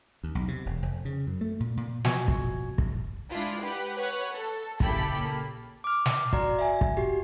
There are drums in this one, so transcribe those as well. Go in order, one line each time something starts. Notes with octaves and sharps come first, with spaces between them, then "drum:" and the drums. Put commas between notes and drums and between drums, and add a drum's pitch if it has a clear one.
D#2
B1
C3
E1
F1
C#3
F#2
A3
A#2
A#2
B2 F3 F#4 G#5 C#6 G#6, drum: snare
drum: kick
drum: kick
G#3 D4 E4 F4
G4 B4 F#5
B4 C#5 F#5
A4
A#1 C#3 E4 G4 A4 B5, drum: kick
A#3
D6 F6
drum: snare
F#4 D5 A#5, drum: kick
E5 G#5
drum: kick
F#4 G4